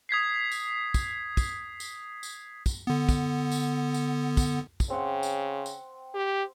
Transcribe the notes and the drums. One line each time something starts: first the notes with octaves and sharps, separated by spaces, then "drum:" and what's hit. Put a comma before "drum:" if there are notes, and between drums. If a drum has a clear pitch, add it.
D#6 G#6 B6 C7
drum: tambourine
drum: kick, tambourine
drum: kick, tambourine
drum: tambourine
drum: tambourine
drum: kick, tambourine
D3 B3
drum: kick, tambourine
drum: tambourine
drum: tambourine
drum: kick, tambourine
drum: kick, tambourine
C#3 C4 F#5
drum: tambourine
drum: tambourine
G4